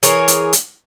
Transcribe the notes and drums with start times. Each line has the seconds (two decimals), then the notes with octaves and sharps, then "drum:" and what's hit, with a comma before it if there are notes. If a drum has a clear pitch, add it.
0.03 E3 G#4 A#4 C#5, drum: hi-hat
0.28 drum: hi-hat
0.53 drum: hi-hat